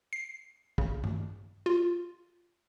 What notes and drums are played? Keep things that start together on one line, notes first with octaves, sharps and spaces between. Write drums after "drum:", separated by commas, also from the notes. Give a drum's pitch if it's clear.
C7
C#3, drum: kick
drum: tom G2
F4